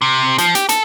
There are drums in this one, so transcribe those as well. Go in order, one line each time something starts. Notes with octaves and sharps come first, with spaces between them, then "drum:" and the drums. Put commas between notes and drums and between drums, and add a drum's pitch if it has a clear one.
C3
F3, drum: hi-hat
G4, drum: hi-hat
A4, drum: hi-hat